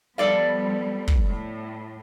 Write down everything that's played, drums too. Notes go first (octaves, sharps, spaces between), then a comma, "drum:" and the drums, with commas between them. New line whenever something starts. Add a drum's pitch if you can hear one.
F3 G3 B3 A4 D5 F5
drum: kick
A2